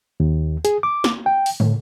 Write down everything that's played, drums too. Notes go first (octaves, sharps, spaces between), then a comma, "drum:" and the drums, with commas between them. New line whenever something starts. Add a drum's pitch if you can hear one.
D#2
G#4, drum: hi-hat
D6
drum: snare
G5
drum: open hi-hat
A2, drum: tom